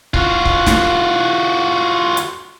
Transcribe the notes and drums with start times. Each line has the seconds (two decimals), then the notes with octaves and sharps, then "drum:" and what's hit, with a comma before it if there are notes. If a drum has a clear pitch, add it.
0.14 F4 F#4, drum: kick C#1
0.45 drum: kick C#1
0.66 drum: snare
2.17 drum: hi-hat